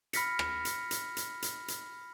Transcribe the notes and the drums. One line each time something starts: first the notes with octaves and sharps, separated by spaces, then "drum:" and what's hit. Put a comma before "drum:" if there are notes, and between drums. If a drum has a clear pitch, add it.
B5 F6 A#6 B6 C#7, drum: hi-hat
drum: rim click
drum: hi-hat
drum: hi-hat
drum: hi-hat
drum: hi-hat
drum: hi-hat